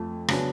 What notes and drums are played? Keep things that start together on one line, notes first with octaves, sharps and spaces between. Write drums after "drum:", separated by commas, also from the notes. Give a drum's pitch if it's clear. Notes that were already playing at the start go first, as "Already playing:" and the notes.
Already playing: F2 F3 A3
C#3 F#3 B3 D4, drum: rim click